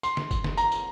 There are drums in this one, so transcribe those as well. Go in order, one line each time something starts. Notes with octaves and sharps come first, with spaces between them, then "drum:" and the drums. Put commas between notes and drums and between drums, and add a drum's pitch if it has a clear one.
C6, drum: tambourine
drum: snare
drum: kick, tambourine
drum: snare
A#5, drum: tambourine
drum: tambourine